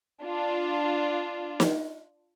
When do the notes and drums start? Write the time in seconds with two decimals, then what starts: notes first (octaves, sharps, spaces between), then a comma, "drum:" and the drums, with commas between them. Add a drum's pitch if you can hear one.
0.22 D4 F4
1.60 drum: snare